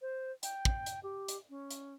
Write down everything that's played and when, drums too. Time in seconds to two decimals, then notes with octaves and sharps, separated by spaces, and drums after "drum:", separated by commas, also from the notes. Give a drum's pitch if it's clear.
0.02 C5
0.43 G5, drum: hi-hat
0.65 drum: kick
0.86 drum: hi-hat
1.03 G4
1.28 drum: hi-hat
1.49 C#4
1.71 drum: hi-hat